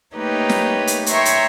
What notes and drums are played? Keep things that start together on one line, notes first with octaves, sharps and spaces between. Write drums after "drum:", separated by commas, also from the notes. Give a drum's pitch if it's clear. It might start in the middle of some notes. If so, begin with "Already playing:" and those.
A3 A#3 D#4 G4 B4 C#5
drum: snare
drum: hi-hat
C#5 E5 G5 A#5 C6 C#6, drum: hi-hat
drum: hi-hat